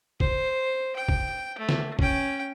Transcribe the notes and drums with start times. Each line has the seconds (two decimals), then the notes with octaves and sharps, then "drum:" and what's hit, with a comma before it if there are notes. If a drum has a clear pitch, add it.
0.20 C5, drum: kick
0.96 G5
1.09 drum: kick
1.59 A3
1.69 drum: snare
1.99 C#4 G5, drum: kick